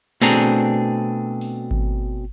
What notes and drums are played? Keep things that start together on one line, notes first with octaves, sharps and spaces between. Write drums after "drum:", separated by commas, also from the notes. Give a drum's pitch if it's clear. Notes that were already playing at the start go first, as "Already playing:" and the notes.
B2 A3 C4 D4 G#4 A#5, drum: snare
drum: open hi-hat
drum: kick G#1